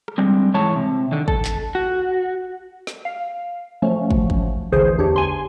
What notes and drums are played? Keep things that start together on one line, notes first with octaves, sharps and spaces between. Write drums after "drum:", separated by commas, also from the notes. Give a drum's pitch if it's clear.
drum: rim click
D3 G3 G#3 C4
G#2 E3 G#3 C#5 A5
C3
D3 D#3
A4, drum: kick
drum: clap
F#4
drum: snare
F5
F3 F#3 A3 C#4
drum: kick
drum: kick
A1 D2 D3 E3 G#4 C5
E2 D4 G4 C#5
G#5 C6